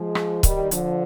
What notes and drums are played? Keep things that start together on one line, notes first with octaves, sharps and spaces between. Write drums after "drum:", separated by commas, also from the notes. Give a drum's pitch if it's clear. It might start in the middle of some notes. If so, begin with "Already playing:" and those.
Already playing: F3 G#3
drum: rim click
D#3 G3, drum: kick C#1, hi-hat
D3 F3, drum: hi-hat